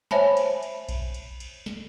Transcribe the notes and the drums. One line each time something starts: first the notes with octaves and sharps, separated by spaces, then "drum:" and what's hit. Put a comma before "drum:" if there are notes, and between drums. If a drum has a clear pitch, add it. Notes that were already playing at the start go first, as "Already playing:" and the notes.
C5 C#5 E5 G#5 A5 B5, drum: snare
drum: cymbal
drum: cymbal
drum: kick B1, cymbal
drum: cymbal
drum: cymbal
drum: snare